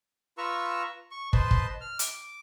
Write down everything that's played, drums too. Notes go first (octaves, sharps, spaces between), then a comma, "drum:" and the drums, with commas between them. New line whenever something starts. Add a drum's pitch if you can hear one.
F4 B4 A#5 C#6 E6
C#6
B4 C5 D#5 A5 C6, drum: kick
drum: kick
F6
D6, drum: hi-hat